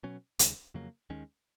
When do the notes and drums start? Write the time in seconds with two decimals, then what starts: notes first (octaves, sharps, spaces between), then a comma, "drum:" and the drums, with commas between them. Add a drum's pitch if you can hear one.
0.03 B2 F#3 C#4
0.39 D#2 C#3 G#3, drum: hi-hat
0.74 F2 C#3 F#3 A#3
1.10 D#2 D#3 G#3 C#4